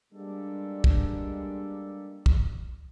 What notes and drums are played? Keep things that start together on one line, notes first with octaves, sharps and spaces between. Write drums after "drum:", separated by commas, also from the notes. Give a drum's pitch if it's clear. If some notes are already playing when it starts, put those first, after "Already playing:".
G3 G#3 A#3 D4 G4 A4
drum: kick
drum: kick